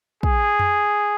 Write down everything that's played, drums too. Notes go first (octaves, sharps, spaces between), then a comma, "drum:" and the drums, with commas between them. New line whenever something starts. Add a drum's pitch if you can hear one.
G#4, drum: kick
drum: tom F2